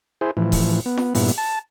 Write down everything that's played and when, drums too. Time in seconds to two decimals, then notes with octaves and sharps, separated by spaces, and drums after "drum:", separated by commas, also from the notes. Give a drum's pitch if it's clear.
0.21 E4 G#4 C5
0.37 A2 E3 F3
0.52 drum: kick D#1, open hi-hat
0.86 B3
0.97 drum: snare
1.15 G2 A#2 B3 E4, drum: open hi-hat
1.28 drum: hi-hat
1.38 A5